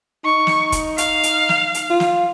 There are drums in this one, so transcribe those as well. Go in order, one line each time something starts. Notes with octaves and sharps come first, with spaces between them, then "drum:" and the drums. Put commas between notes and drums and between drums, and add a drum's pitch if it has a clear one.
D#4 C#6
drum: snare
drum: kick, hi-hat
F5, drum: hi-hat
drum: hi-hat
drum: snare
drum: hi-hat
F4
drum: snare